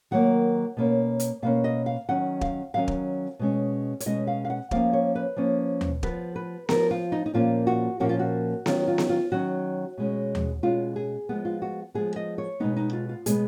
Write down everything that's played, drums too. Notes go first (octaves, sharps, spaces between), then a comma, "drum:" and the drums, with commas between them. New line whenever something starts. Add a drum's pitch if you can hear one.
D#3 F#3 A#3 F#5
B2 A#3 C#4
drum: hi-hat
B2 A#3 C#4 F5
D#5
F5
D#3 F#3 C#4 F#5
F5, drum: kick
D#3 F#3 C#4 F5
drum: kick
B2 G#3 C#4
C#5, drum: hi-hat
B2 G#3 C#4 D#5
F5
F5
F#5
F3 A#3 C#4 F5, drum: kick
C#5
B4
F3 A#3 C#4
drum: tom D#2
F3 B3 B4, drum: kick
B4
F3 B3 A#4, drum: snare B3
F4
D#4
D#4
A#2 F3 A#3 C#4 F4
F#4
A#2 F3 A#3 C#4 F#4
F4
F#4
D#3 F#3 C#4 F4, drum: snare B3
F4
drum: snare B3
F4
D#3 F#3 C#4 F#4
B2 G#3 C#4
drum: tom D#2
B2 G#3 C#4 F4
G#4
F3 G#3 B3
F4
F#4
F3 G#3 B3 G#4
D#5
C#5
B2 G#3 B3 D#4
D#4
F4
F4
B2 G#3 B3 G#4, drum: hi-hat